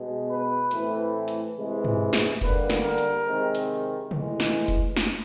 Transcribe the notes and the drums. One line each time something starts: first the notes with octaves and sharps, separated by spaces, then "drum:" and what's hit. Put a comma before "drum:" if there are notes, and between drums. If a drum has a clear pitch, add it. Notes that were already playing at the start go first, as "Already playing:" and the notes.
Already playing: B2 G#3 B3
B4
A2 E3 A3 C4, drum: hi-hat
drum: hi-hat
C3 E3 G#3
drum: tom
drum: snare
D3 G3 A#3 B4, drum: kick F1, hi-hat
drum: snare
A#4
drum: hi-hat
C3 D#3 G#3 C4
drum: hi-hat
A2 E3 G#3, drum: tom
drum: snare
drum: kick F1, hi-hat
drum: snare